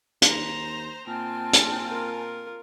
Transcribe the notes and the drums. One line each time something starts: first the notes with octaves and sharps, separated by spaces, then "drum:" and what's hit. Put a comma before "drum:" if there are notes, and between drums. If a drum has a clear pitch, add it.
D#2 C5 A#5, drum: hi-hat
A#2 C4 G#5 A5 F6
drum: hi-hat
F4 A#4